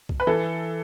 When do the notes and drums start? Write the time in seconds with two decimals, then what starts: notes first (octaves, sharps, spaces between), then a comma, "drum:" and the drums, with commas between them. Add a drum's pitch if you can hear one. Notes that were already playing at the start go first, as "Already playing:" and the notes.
0.09 drum: kick B1
0.20 B4
0.27 E3 A4